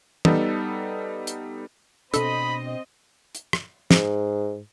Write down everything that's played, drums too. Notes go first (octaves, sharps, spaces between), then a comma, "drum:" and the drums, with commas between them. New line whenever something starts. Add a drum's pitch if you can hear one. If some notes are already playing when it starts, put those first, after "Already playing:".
G3 B3 D#4 A4, drum: tom
drum: hi-hat
B2 C4 D4 A4 D#5 B5, drum: hi-hat
drum: hi-hat
drum: rim click
G#2, drum: snare